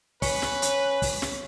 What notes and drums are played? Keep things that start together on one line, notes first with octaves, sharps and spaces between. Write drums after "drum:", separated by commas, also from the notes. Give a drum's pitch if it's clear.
C#4 B4 C#5, drum: kick, open hi-hat
drum: snare
drum: hi-hat
drum: kick, open hi-hat
drum: snare